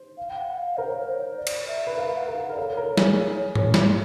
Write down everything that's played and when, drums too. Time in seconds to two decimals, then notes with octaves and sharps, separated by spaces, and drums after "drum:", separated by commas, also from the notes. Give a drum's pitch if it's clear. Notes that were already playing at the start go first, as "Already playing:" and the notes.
Already playing: C5
0.17 F5
0.30 G5
0.38 F#5
0.57 F5
0.77 A#4 C5
0.88 C#5
0.99 C5
1.10 C#5
1.19 C5
1.37 D5
1.47 drum: cymbal
1.68 E5
1.87 B4
1.97 A#4 F5
2.09 F5
2.17 F#5
2.28 A#4
2.38 F5
2.49 A#4 D5
2.57 A4 C#5
2.77 A#4
2.97 G#4, drum: snare
3.55 drum: tom G#2
3.74 drum: snare